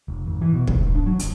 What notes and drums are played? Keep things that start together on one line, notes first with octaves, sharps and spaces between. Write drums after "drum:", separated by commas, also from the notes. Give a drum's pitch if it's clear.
F1
G#1
E3
B2
B1, drum: kick
G#1
D4
F#3
G1, drum: hi-hat